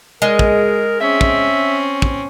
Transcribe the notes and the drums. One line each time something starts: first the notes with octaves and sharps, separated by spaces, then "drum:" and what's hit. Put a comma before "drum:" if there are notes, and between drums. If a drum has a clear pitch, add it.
G#3 A#4
drum: kick
C4 C#4 E5
drum: kick
drum: kick